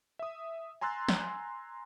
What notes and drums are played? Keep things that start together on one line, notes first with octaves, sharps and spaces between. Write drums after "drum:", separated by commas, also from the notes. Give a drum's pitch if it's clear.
E5 D#6
G#5 A#5 C6 E6 F#6 A6
drum: snare